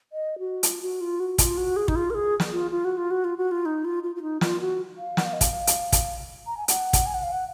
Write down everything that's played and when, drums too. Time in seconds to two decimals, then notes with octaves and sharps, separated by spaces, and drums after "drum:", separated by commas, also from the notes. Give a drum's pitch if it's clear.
0.13 D#5
0.39 F#4
0.63 F4, drum: hi-hat
0.82 F#4
1.01 F4
1.20 F#4
1.38 F4, drum: kick, hi-hat
1.58 F#4
1.76 G#4
1.88 D#4, drum: kick
1.96 F4
2.10 A#4
2.15 G#4
2.40 drum: snare
2.53 F4
2.71 F4
2.85 F#4
2.97 F4
3.11 F#4
3.24 F4
3.37 F#4
3.51 F4
3.66 D#4
3.85 F4
4.03 F4
4.15 F4
4.22 D#4
4.41 F4, drum: snare
4.61 F#4
4.98 F5
5.17 F#5, drum: snare
5.25 F5
5.33 D#5
5.41 F5, drum: kick, hi-hat
5.67 drum: hi-hat
5.92 drum: kick, hi-hat
6.47 A#5
6.57 G#5
6.68 F#5, drum: hi-hat
6.93 drum: kick, hi-hat
7.06 G#5
7.14 F#5
7.23 F5
7.32 F#5